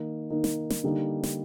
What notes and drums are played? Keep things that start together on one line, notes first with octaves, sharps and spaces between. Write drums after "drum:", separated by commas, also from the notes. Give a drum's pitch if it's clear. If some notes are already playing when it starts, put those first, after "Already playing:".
Already playing: D#3 A#3 D#4
D#3 A#3 D#4
drum: snare
drum: snare
D3 G3 A#3 D#4
drum: snare